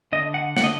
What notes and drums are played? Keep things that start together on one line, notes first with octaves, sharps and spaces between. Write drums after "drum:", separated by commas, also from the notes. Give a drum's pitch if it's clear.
D3 D#5
F#5
D3 F#5, drum: snare
D#5